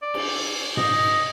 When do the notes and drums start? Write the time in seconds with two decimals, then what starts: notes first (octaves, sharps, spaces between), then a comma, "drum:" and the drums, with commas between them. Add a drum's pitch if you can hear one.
0.02 D5
0.14 drum: cymbal
0.77 D#5, drum: tom G#2